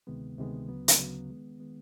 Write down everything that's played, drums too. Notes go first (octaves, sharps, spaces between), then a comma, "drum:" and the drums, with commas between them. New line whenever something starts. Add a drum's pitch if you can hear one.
D2 C3 D#3 G#3 B3
D2 C3 D#3 G#3 B3
D2 C#3 F#3 B3
drum: hi-hat
D2 C#3 F#3 B3
D#3 G#3 B3
D#3 G#3 B3